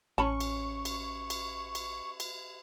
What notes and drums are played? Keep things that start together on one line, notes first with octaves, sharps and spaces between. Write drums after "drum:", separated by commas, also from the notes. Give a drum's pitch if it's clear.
A1 C#4 A5 B5 C#6
drum: cymbal
drum: cymbal
drum: cymbal
drum: cymbal
drum: cymbal